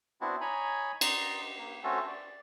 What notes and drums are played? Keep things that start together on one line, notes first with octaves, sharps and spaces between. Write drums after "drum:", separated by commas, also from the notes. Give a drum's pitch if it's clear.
B3 C4 D4 E4 F#4
D#4 C#5 G#5 A#5 B5
D5 D#5 A#5 C6, drum: cymbal
A#3
A3 C4 C#4 F#4 A4
D5